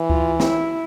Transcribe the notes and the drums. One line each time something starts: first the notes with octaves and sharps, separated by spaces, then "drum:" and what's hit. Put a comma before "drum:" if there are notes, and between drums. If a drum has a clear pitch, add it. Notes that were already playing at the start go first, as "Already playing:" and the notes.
Already playing: E3
F4, drum: kick C#2
E4, drum: snare